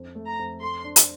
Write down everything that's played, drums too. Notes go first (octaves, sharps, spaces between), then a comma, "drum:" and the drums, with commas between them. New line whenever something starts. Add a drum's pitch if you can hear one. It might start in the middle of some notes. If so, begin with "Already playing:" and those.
Already playing: F2
A3
A#5
F2
A4 C6
D4
drum: hi-hat